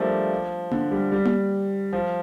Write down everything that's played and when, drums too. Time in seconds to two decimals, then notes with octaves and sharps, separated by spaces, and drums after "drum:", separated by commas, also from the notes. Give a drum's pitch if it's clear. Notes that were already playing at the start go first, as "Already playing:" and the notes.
Already playing: F3 G3 A3 A#3 D4
0.71 D3, drum: tom A#3
0.91 G3
1.12 G3
1.25 drum: tom A#3
1.93 F3